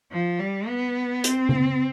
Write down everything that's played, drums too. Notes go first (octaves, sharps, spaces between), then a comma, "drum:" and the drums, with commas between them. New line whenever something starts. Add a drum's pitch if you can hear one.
F3
G3
B3
C4, drum: hi-hat
drum: tom C#3